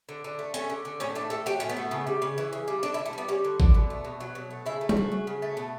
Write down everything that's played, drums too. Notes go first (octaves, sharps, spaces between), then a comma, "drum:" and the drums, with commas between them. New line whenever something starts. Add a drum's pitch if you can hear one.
D3
D3
A3
A3 C#4, drum: hi-hat
D3
D3
A2 C#4
A3 D4
A2 A4
F#3 G4
A2 C#4
B3
A3
C#3
G3
C#3
E3
C#3
G3
D3 D4
E4
D3
A3
G3 B3
G3 C#4
D3
D3, drum: kick G#1
B2
A3
B2
F#3
B2
A3
C#3 E4
A3
F#4, drum: tom G3
C#3
F#3
C#3
A3
B2